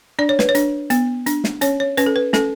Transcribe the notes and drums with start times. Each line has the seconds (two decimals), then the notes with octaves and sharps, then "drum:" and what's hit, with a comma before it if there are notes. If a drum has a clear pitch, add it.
0.19 D4 D5
0.29 C#5
0.39 B4, drum: snare
0.49 C#5
0.55 D4, drum: hi-hat
0.90 B3, drum: hi-hat
1.26 D4, drum: hi-hat
1.44 drum: snare
1.61 C#4 C#5, drum: hi-hat
1.80 C#5
1.97 C#4 B4, drum: hi-hat
2.06 A4
2.16 B4
2.33 C#4 A4, drum: snare